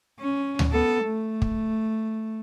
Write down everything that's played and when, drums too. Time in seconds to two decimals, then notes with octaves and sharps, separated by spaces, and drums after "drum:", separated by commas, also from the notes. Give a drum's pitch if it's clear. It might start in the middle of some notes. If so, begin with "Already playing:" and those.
0.19 C#4
0.59 drum: tom D2
0.72 B3 A4
1.04 A3
1.42 drum: kick